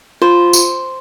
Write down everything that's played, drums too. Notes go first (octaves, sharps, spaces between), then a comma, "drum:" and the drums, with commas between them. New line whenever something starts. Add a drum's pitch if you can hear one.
F4 C5
drum: tambourine